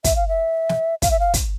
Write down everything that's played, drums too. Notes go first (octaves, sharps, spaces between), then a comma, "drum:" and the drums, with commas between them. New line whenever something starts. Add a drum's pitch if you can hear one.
E5, drum: kick, hi-hat
F5
E5
drum: snare
F5, drum: kick, hi-hat
E5
F5
drum: kick, hi-hat